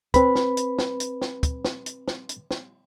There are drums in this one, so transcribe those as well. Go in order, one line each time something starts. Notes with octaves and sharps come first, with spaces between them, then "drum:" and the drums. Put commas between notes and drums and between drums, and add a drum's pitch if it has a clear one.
C4 B4 B5, drum: kick, hi-hat
drum: snare
drum: hi-hat
drum: snare
drum: hi-hat
drum: snare
drum: kick, hi-hat
drum: snare
drum: hi-hat
drum: snare
drum: hi-hat
drum: snare